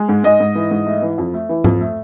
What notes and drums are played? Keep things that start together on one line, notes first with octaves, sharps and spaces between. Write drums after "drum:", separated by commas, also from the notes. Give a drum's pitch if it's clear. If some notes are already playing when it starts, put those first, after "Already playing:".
Already playing: G#3
G#2
G#2 D#5
G#2
E3
G#2
A3
E3
F2
A3
E3
F2, drum: tom G#2
A3